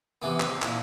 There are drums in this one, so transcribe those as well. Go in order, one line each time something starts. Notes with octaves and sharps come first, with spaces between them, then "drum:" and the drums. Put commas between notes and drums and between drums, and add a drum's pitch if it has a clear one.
C3 E3 B3
C3, drum: clap
A#2 E4, drum: clap